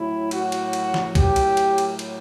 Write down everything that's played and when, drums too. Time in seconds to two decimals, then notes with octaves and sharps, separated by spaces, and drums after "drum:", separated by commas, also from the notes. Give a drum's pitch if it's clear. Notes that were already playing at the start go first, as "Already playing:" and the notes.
Already playing: A2 F#3 E4
0.31 F#4, drum: cymbal
0.52 drum: cymbal
0.73 drum: cymbal
0.94 drum: snare
1.15 A2 F#3 G4, drum: kick B1, cymbal
1.36 drum: cymbal
1.57 drum: cymbal
1.78 drum: cymbal
1.99 drum: cymbal